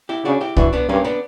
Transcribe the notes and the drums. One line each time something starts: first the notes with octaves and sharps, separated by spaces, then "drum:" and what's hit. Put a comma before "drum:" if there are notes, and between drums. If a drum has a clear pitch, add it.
E4 G4
C#3 D4 F#4
E4 G4
E3 D4 F#4, drum: kick
B3 D4
G2 A#3 C#4
B3 D4